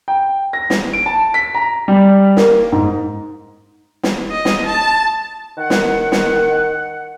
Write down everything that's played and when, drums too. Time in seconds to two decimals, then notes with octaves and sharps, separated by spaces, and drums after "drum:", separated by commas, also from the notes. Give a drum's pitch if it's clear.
0.08 G5
0.53 A#6
0.70 drum: snare
0.93 D7
1.06 A5
1.34 B6
1.55 A#5
1.88 G3
2.37 A#3, drum: snare
2.72 G#2
4.03 drum: snare
4.31 D#5
4.45 drum: snare
4.66 A5
5.57 D#3 F#5
5.70 drum: snare
6.12 drum: snare